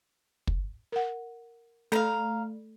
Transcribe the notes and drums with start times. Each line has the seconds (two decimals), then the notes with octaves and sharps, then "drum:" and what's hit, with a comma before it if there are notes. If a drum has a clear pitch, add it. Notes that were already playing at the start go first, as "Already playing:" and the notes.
0.47 drum: kick
0.92 A#4 F#5
1.92 A3 A4 F5 A#5, drum: snare